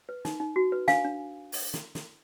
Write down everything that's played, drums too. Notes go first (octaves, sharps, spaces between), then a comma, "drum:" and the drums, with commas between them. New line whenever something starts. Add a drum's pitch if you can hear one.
B4
D#4, drum: snare
D#4
F#4
B4
D4 F5 G#5, drum: snare
D4
drum: open hi-hat
drum: snare
drum: snare